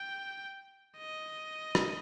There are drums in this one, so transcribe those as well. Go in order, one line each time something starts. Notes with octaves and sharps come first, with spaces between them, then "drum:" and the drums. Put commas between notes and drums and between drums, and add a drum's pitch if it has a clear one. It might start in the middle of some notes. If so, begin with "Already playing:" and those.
Already playing: G5
D#5
drum: rim click